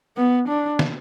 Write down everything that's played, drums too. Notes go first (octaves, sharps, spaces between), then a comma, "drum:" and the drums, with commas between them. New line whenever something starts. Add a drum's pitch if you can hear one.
B3
D4
drum: snare